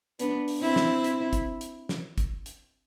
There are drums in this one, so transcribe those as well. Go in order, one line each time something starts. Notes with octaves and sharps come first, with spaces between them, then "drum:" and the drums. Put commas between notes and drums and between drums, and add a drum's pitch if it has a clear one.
B3 D4, drum: hi-hat
drum: open hi-hat
C4 E4
drum: snare
drum: hi-hat
drum: kick, hi-hat
drum: hi-hat
drum: snare
drum: kick, hi-hat
drum: hi-hat